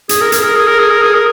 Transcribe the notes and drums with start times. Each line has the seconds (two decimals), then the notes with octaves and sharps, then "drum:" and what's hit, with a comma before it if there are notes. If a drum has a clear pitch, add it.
0.09 G#4, drum: hi-hat
0.21 A#4
0.32 G#4, drum: hi-hat
0.44 A#4
0.56 G#4
0.67 A#4
0.79 G#4
0.90 A#4
1.02 G#4
1.14 A#4